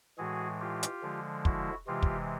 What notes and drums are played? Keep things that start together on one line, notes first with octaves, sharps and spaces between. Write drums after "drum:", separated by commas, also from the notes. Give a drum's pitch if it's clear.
A2 E3 G#3 F#4 G#4
F4 G4
drum: hi-hat
D3 F3 G#3
E4 F#4, drum: kick
C3 E3 G#3 F4 G4
drum: kick